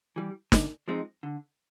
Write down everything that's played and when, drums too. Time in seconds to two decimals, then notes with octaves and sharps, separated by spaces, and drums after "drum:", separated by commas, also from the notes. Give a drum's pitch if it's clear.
0.16 E3 G3
0.52 D3, drum: snare
0.88 F3 G#3 C4 D#4
1.23 D3